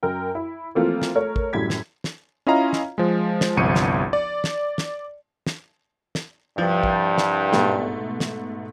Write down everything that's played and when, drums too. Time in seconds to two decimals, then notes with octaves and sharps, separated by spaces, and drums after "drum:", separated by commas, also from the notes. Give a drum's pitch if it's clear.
0.03 F#2 A#4 G5
0.35 E4
0.75 E3 F3 A3 A#3 C4 F4
1.02 drum: snare
1.15 A3 A#4 C#5
1.36 drum: kick
1.53 F#2 A2 G3 G#6 B6
1.70 drum: snare
2.04 drum: snare
2.47 C#4 E4 F4 D#5 F5 A#5
2.73 drum: snare
2.98 F3 G#3
3.41 drum: snare
3.57 G1 C2 F3 C#6 C#7 D#7
3.75 drum: snare
4.13 D5
4.44 drum: snare
4.78 drum: snare
5.47 drum: snare
6.15 drum: snare
6.58 C2 G2 F3
6.83 drum: kick
7.18 drum: snare
7.53 G#2 B2 A3, drum: snare
8.20 drum: snare